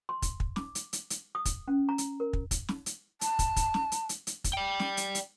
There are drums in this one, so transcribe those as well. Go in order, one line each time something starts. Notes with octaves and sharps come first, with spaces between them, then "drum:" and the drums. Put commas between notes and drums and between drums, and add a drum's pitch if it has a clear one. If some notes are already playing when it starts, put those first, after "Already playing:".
C6
drum: kick, hi-hat
drum: kick
D6, drum: snare
drum: hi-hat
drum: hi-hat
drum: hi-hat
D#6
drum: kick, hi-hat
C#4
A#5
drum: hi-hat
A#4
drum: kick
drum: kick, hi-hat
drum: snare
drum: hi-hat
A5, drum: hi-hat
drum: kick, hi-hat
drum: kick, hi-hat
drum: snare
drum: hi-hat
drum: hi-hat
drum: hi-hat
drum: kick, hi-hat
D5 G5
drum: snare
drum: hi-hat
drum: hi-hat